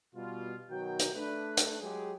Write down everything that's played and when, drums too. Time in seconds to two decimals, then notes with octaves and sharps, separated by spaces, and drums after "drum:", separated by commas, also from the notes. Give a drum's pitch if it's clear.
0.15 B2 G3 F4
0.70 B2 D#3 F#3 F#4 A#4 G5
0.99 drum: hi-hat
1.14 A3 D4 B4
1.57 drum: hi-hat
1.80 F#3 G#3 G4 G#4